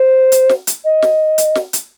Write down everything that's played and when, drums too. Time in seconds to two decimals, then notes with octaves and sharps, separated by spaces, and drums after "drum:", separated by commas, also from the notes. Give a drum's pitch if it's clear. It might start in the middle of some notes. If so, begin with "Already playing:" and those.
Already playing: C5
0.32 drum: hi-hat
0.49 drum: snare
0.67 drum: hi-hat
0.85 D#5
1.02 drum: snare
1.38 drum: hi-hat
1.55 drum: snare
1.73 drum: hi-hat